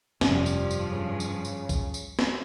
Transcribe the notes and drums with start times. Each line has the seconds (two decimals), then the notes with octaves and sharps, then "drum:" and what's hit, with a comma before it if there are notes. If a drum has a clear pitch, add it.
0.21 F1 G2 F3 G3 C#4, drum: snare
0.46 drum: tambourine
0.71 drum: tambourine
0.92 C#3
1.20 drum: tambourine
1.45 drum: tambourine
1.69 drum: kick B1, tambourine
1.94 drum: tambourine
2.19 drum: snare